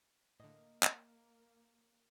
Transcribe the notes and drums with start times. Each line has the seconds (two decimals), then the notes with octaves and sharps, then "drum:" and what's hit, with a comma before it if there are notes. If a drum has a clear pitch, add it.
0.40 A2 D3 A#3 D#5
0.83 drum: clap